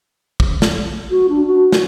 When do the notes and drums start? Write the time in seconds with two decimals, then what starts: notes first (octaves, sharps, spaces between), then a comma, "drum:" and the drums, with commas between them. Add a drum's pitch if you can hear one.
0.40 drum: kick
0.62 drum: snare
1.10 F#4
1.28 D4
1.46 F#4
1.72 drum: snare